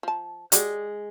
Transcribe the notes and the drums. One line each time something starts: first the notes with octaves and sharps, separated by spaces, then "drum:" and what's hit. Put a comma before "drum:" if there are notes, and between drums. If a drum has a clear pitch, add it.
F3 A5
G#3 F#4 G4 D5, drum: hi-hat